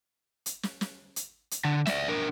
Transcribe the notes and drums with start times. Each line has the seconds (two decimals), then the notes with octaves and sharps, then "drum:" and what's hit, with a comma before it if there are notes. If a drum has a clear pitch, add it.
0.46 drum: hi-hat
0.63 drum: snare
0.81 drum: snare
1.16 drum: hi-hat
1.51 drum: hi-hat
1.65 D3
1.87 D5 E5, drum: snare
2.08 D4 A#4